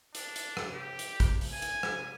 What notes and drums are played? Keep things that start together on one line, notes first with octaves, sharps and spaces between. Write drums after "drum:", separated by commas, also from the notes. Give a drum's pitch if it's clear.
D4, drum: hi-hat
drum: hi-hat
drum: rim click
G4
drum: hi-hat
drum: kick, hi-hat
drum: open hi-hat
G#5
drum: hi-hat
drum: rim click